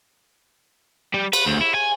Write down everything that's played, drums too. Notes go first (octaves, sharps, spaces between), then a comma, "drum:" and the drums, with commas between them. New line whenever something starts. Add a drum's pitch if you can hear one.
G3
B4, drum: cymbal
D2
E4
G#5